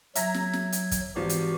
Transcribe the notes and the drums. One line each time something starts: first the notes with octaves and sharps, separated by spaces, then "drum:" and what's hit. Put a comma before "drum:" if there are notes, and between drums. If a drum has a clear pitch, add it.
F#3 E5 A#5 G#6 A#6, drum: hi-hat
drum: snare
drum: snare
drum: hi-hat
drum: kick, hi-hat
G#1 E3 F3 F#4 G4
drum: hi-hat